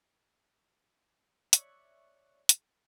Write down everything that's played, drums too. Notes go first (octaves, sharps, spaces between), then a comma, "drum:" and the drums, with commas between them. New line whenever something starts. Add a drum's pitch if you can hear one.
C#5 D5 E5 C#6 F#6, drum: hi-hat
drum: hi-hat